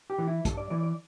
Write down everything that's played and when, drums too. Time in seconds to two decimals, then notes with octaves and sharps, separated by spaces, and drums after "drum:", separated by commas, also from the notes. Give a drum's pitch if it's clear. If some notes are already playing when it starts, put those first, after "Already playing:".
0.10 G4
0.18 E3
0.28 E4
0.45 G2 A4, drum: kick, hi-hat
0.57 D5
0.70 E3 D5
0.83 D5